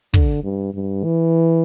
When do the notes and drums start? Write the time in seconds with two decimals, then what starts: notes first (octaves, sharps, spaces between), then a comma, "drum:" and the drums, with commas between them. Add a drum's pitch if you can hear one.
0.14 D3, drum: kick
0.44 G2
0.74 G2
1.04 E3